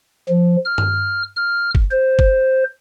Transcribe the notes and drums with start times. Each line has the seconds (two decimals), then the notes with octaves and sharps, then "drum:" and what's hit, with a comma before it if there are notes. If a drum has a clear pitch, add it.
0.29 F3
0.66 F6
0.78 drum: tom G2
1.37 F6
1.75 drum: kick G1
1.91 C5
2.19 drum: kick G1